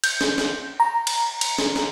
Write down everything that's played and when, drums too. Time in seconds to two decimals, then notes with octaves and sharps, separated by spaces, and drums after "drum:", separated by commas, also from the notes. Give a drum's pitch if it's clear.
0.04 G6, drum: cymbal
0.21 drum: snare
0.38 drum: snare
0.80 A#5
1.07 drum: cymbal
1.41 drum: cymbal
1.59 drum: snare
1.76 drum: snare